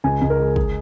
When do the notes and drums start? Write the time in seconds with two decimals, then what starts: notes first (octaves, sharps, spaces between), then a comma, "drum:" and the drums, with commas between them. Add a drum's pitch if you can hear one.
0.04 C#2 G#5
0.21 C#2
0.30 A#4
0.39 G#3
0.56 G#4, drum: kick